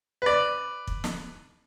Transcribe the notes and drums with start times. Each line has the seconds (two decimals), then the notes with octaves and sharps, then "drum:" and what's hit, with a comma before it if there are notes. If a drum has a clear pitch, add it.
0.22 B4 D5
0.87 drum: kick
1.04 drum: snare